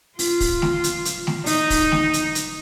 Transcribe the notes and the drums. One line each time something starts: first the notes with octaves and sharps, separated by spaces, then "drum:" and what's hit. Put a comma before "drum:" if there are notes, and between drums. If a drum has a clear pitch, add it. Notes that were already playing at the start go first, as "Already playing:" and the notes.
F4, drum: open hi-hat
drum: kick, open hi-hat
drum: snare A3
drum: hi-hat
drum: hi-hat
drum: snare A3
D#4, drum: open hi-hat
drum: kick, open hi-hat
drum: snare A3
drum: hi-hat
drum: hi-hat